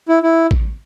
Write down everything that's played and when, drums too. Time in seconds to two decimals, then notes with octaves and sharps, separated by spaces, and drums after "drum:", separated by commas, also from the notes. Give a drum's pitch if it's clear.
0.09 E4
0.23 E4
0.51 drum: kick A1